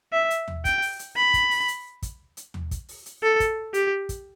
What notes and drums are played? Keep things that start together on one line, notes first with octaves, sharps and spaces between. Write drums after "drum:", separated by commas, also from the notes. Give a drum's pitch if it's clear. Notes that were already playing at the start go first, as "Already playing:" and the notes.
E5
drum: hi-hat
drum: tom D#2
G5, drum: kick, hi-hat
drum: open hi-hat
drum: hi-hat
B5
drum: kick, hi-hat
drum: open hi-hat
drum: hi-hat
drum: kick, hi-hat
drum: hi-hat
drum: tom D#2
drum: kick, hi-hat
drum: open hi-hat
drum: hi-hat
A4
drum: kick, hi-hat
G4, drum: hi-hat
drum: kick, hi-hat